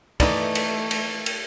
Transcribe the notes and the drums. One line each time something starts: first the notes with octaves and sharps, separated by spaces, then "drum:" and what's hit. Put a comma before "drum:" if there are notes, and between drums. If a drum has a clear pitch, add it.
E3 A3 D#4 D5, drum: kick, cymbal
drum: cymbal
drum: cymbal
drum: cymbal